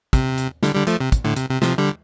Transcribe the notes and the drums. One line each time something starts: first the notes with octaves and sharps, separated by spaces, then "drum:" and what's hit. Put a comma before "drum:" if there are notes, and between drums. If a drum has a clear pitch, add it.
C3, drum: kick, hi-hat
drum: hi-hat
D3 G3, drum: snare
D3 G3
F3 A3, drum: hi-hat
C3
drum: kick, hi-hat
A2 D3
C3, drum: hi-hat
C3
C3 F3, drum: snare
D3 G3